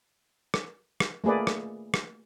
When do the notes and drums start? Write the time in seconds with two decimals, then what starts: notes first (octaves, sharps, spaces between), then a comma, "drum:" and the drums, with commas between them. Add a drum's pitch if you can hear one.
0.54 drum: rim click
1.00 drum: rim click
1.24 A3 A#3 G#4 B4 D5
1.47 drum: rim click
1.94 drum: rim click